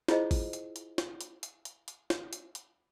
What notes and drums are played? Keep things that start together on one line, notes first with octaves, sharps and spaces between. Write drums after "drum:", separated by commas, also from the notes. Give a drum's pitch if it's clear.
E4 F4 G#4 C5 D#5, drum: snare
drum: kick, open hi-hat
drum: hi-hat
drum: hi-hat
drum: snare
drum: hi-hat
drum: hi-hat
drum: hi-hat
drum: hi-hat
drum: snare
drum: hi-hat
drum: hi-hat